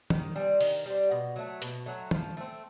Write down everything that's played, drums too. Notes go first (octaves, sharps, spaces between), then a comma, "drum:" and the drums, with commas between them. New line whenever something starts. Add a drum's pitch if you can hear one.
D#3, drum: tom
G3 C4
D#3, drum: open hi-hat
G3 C4
B2
F#3 A3
B2, drum: hi-hat
F#3 A3
F3, drum: tom
A3 C4